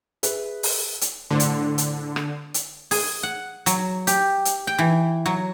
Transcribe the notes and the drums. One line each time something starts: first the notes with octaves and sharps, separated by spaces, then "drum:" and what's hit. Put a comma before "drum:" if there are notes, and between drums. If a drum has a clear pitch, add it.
G#4 B4 E5, drum: hi-hat
drum: open hi-hat
drum: hi-hat
A2 D3 C5 C6
drum: hi-hat
drum: hi-hat
drum: rim click
drum: hi-hat
G#4, drum: open hi-hat
F#5
F#3, drum: hi-hat
G4, drum: hi-hat
drum: hi-hat
G5
E3
F#3